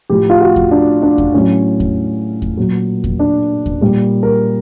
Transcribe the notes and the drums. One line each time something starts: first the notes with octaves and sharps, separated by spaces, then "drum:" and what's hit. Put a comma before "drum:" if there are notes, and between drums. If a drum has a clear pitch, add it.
A2 F3 G4
F4
F#4
drum: kick E2
D4
D4
drum: kick E2
A2 F#3 C#4
drum: kick E2
drum: kick E2
A#2 F#3
drum: kick E2
D4
drum: kick E2
A#2 G3
A#4